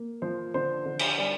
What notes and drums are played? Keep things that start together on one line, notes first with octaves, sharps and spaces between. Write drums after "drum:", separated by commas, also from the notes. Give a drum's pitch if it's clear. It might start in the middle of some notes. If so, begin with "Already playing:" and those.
Already playing: A#3
F3 C5
D3 C5
D3
drum: cymbal
G3 D5